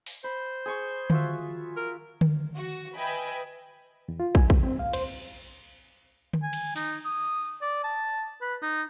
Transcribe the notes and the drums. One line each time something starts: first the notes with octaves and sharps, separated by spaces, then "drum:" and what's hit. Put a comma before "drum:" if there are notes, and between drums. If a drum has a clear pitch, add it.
drum: open hi-hat
C5 B5
G#4 C#6
F4 F#4 E5, drum: tom D3
A#4
drum: tom D3
F#4
B4 D#5 E5 G5 G#5 B5
E2
F4
G#5, drum: kick
C#2, drum: kick
C4
F5
C5, drum: cymbal
drum: tom D3
G#5
drum: cymbal
D#4, drum: open hi-hat
D#6
D5
A5
B4
D#4